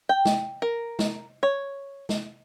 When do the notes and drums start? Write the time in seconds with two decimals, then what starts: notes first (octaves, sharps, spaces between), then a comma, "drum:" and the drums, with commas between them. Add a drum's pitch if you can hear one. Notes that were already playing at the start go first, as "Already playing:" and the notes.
0.09 G5
0.25 drum: snare
0.62 A#4
0.99 drum: snare
1.43 C#5
2.09 drum: snare